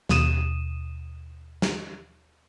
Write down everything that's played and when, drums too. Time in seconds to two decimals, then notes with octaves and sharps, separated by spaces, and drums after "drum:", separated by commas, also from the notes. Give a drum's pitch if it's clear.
0.09 D#2 B2 D#6 D#7 E7, drum: snare
1.62 drum: snare